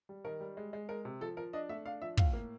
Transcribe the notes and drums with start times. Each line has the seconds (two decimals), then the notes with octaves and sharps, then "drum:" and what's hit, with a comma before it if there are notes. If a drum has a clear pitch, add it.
0.09 G3
0.24 D#3 A#4
0.40 G3
0.57 G#3
0.73 G#3
0.89 G#3 A#4
1.05 C3
1.21 F3 A4
1.37 F3 A#4
1.53 D4 D#5
1.69 A3 E5
1.85 D4 F5
2.02 F3 E5
2.17 A2 F5, drum: kick
2.33 A#3